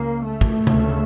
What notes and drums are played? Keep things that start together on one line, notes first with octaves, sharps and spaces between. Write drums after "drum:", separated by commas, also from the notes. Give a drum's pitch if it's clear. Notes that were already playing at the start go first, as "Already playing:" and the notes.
Already playing: C#2 C#3 A#3
A3
drum: kick
D2 C#3, drum: tom C3